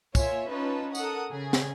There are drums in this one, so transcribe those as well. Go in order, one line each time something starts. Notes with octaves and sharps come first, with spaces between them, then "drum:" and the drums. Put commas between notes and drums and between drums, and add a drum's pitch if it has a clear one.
A#3 F4 C#5 E5 G#5, drum: kick, tambourine
C#4 D#4 F4 B4 A5
A4 A#4 F#5 D#6, drum: tambourine
C#3 G#4
drum: snare